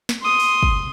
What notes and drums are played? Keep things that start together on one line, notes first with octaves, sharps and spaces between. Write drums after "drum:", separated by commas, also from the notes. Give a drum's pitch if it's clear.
drum: snare
C6 D#6
drum: open hi-hat
drum: kick